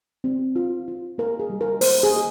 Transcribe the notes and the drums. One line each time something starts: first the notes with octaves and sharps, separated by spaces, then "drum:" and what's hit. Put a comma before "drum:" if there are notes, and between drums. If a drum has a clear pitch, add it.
C4
F4
F4
A#3 A#4
G#4
G3
A#4
A#3 C5, drum: open hi-hat
G#4
A#3